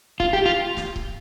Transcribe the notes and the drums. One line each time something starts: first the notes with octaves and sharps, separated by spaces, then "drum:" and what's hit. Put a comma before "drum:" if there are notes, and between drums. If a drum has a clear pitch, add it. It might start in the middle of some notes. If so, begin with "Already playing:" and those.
F4, drum: kick C#1
G4
F4
drum: snare
drum: kick C#1